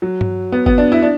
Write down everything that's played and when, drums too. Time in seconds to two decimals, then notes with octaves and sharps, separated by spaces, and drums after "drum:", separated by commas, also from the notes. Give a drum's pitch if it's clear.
0.02 F#3
0.21 drum: tom G2
0.52 B3
0.66 B3, drum: kick G1
0.78 D4
0.92 E4
1.02 D4